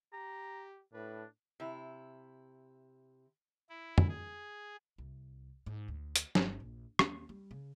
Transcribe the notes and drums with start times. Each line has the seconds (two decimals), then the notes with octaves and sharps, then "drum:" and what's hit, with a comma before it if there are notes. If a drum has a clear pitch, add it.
0.13 G4 A#5
0.93 A2 D4 B4
1.60 C3 E4
3.69 E4
3.98 drum: tom
4.09 G#4
4.98 C2
5.66 G#2
5.88 D2
6.16 drum: hi-hat
6.35 G1, drum: snare
6.60 A#1
6.99 D#2, drum: rim click
7.29 G3
7.51 C#3